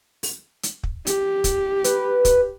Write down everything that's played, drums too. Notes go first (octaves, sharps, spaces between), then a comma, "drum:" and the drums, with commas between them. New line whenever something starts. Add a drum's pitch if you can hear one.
drum: open hi-hat
drum: hi-hat
drum: kick
G4, drum: hi-hat
drum: kick, hi-hat
B4, drum: hi-hat
drum: kick, hi-hat